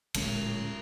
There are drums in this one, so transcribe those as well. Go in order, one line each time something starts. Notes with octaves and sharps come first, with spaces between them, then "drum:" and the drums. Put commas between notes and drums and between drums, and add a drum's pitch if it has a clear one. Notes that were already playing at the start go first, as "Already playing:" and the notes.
D1 A#2 G#3 C#4, drum: cymbal